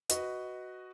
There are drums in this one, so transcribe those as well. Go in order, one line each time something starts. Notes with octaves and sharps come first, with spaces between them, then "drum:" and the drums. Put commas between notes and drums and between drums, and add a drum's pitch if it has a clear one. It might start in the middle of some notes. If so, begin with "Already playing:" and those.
F#4 B4 D#5, drum: hi-hat